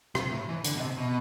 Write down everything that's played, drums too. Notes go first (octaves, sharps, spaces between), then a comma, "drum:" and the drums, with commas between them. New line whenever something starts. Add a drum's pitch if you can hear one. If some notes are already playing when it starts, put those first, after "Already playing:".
C3, drum: rim click
A2
E3
D3, drum: hi-hat
B2
C3
B2